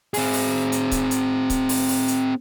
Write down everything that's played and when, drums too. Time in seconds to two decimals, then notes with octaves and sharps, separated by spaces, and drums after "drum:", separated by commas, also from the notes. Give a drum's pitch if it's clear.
0.14 C4 G#4, drum: open hi-hat
0.33 drum: open hi-hat
0.72 drum: hi-hat
0.91 drum: kick C#1, hi-hat
1.11 drum: hi-hat
1.50 drum: kick C#1, hi-hat
1.69 drum: open hi-hat
1.89 drum: open hi-hat
2.08 drum: hi-hat